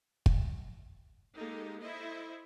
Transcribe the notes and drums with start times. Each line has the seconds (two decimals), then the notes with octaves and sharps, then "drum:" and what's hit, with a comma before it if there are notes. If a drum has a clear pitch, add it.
0.26 drum: kick
1.35 G#3 A#3 D#4 G4 A4
1.82 E4 A4 C5 D#5 E5